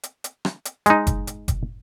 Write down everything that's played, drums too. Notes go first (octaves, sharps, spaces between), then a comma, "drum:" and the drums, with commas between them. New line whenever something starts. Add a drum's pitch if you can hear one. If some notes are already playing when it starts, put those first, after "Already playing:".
drum: hi-hat
drum: hi-hat
drum: rim click
drum: hi-hat
G#3 D#4, drum: hi-hat
drum: kick F#1, hi-hat
drum: hi-hat
drum: kick F#1, hi-hat